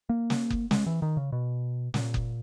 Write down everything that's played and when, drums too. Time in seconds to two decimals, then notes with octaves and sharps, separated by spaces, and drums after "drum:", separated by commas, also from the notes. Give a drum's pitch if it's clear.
0.09 A#3
0.30 drum: snare
0.50 drum: kick F#1
0.71 G#3, drum: snare
0.86 E3
1.02 D#3
1.17 C#3
1.32 B2
1.94 A#2, drum: snare
2.14 drum: kick F#1